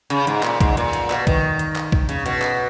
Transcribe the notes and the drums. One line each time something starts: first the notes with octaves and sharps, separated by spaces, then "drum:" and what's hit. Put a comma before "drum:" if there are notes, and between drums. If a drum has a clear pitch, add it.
C#3, drum: hi-hat
G#2, drum: hi-hat
A#2, drum: clap
G#2, drum: kick, hi-hat
A#2, drum: hi-hat
drum: hi-hat
B2, drum: clap
D#3, drum: kick, hi-hat
drum: hi-hat
drum: clap
drum: kick
C#3, drum: hi-hat
B2, drum: hi-hat
drum: clap